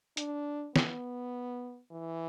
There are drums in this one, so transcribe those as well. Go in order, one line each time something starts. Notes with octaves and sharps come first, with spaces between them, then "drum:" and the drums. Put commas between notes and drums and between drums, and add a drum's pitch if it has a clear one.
D4, drum: hi-hat
B3, drum: snare
E3